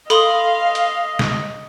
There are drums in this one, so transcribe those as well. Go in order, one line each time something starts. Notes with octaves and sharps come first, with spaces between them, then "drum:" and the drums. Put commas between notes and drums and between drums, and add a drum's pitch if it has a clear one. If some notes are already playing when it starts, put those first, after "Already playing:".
A4 D#5 F5 B5 C6 D#6, drum: hi-hat
drum: hi-hat
drum: snare